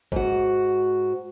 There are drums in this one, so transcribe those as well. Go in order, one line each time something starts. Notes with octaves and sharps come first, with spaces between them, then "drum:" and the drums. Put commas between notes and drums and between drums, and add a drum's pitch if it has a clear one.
G#2 F#4, drum: kick G#1